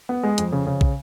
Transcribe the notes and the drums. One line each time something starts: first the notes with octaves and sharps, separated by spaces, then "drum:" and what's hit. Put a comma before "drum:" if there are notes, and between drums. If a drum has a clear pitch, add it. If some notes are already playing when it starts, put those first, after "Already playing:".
B3
G#3
F2, drum: hi-hat
C#3
C#3
drum: kick